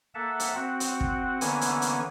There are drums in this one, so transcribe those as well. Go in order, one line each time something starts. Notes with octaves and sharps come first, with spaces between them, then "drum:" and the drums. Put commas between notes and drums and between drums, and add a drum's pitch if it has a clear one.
A#3 A4 E5 F#5 A5
drum: hi-hat
C4 F#4 F#5
drum: hi-hat
drum: kick
D3 E3 A#3 B3 C#4 G#5, drum: hi-hat
drum: hi-hat
drum: hi-hat